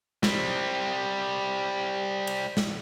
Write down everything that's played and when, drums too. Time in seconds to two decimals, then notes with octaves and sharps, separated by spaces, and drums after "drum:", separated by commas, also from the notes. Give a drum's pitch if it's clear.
0.23 G3 C4, drum: snare
2.27 drum: cymbal
2.57 drum: snare